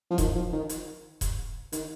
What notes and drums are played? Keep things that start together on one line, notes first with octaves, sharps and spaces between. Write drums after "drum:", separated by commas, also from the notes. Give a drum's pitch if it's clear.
F3
D#3, drum: kick E1, hi-hat
F3
D#3
drum: hi-hat
drum: kick E1, hi-hat
D#3, drum: hi-hat